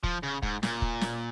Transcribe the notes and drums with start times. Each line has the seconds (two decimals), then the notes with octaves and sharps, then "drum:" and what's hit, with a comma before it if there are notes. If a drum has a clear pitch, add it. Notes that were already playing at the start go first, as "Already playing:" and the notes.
0.04 F3, drum: kick
0.23 C#3
0.43 G#2, drum: kick
0.63 A#2, drum: snare
0.82 drum: kick
1.01 drum: snare